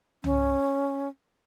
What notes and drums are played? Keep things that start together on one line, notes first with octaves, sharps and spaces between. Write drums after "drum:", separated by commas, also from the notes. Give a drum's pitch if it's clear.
C#4, drum: tom